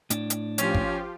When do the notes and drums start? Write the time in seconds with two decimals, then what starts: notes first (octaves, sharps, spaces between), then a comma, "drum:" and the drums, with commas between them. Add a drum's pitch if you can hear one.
0.10 A2 D4, drum: hi-hat
0.30 drum: hi-hat
0.58 F3 C#4 F4 G4, drum: hi-hat
0.74 drum: kick